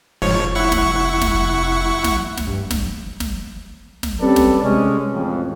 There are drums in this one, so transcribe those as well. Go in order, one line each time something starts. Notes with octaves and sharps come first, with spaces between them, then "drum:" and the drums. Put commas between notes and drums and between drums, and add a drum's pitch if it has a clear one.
F1 G#2 F3 C#5
E4 F#5 C#6
drum: snare
drum: snare
drum: snare
drum: snare
G2
drum: snare
drum: snare
drum: snare
G3 C4 C#4 A4 B4 D5
drum: snare
C3 G#3 C#4
A1 F2